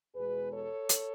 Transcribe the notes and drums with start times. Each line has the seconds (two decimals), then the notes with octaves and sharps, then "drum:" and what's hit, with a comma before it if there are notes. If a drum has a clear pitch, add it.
0.15 E2 B2 G#3 G#4 B4
0.52 A4 C#5
0.89 drum: hi-hat